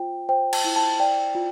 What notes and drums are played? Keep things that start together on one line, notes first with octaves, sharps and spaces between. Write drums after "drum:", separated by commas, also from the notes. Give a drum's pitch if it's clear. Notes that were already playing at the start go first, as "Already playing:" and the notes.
Already playing: F4 C5 G5
C5 G5
A5, drum: cymbal
E4
A5
D5 G5
F4